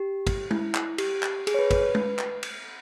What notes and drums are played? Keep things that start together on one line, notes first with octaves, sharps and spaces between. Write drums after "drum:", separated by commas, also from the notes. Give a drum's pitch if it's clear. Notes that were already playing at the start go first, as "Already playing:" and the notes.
Already playing: G4
drum: kick, cymbal
E4, drum: tom
drum: clap
G4, drum: cymbal
drum: clap
G#4, drum: cymbal
C#5
B4
B4, drum: kick, cymbal
B4
drum: tom
drum: clap
drum: cymbal